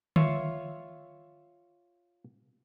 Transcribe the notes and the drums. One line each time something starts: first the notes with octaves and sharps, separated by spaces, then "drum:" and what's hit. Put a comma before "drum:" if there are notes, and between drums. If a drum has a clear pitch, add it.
F4 C#5 E5, drum: tom D3